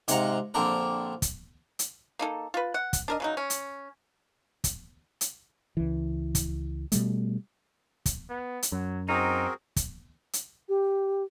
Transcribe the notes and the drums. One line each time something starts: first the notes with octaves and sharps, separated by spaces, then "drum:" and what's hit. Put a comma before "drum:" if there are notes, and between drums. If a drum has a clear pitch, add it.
G#2 C3 F5 F#5 A#5, drum: hi-hat
A#1 D3 C4 D4 A#4
drum: kick, hi-hat
drum: hi-hat
A#3 D#4 A4
F4 B4
F#5
drum: kick, hi-hat
D4 A#4 D#5
C#3 F#3 D#4
C#4
drum: hi-hat
drum: kick, hi-hat
drum: hi-hat
C#2 E3
drum: kick, hi-hat
B2 G3 A3, drum: hi-hat
drum: kick, hi-hat
B3
drum: hi-hat
F#2 F#3
C4 D#4 F#4 G#4 A#4
drum: kick, hi-hat
drum: hi-hat
G4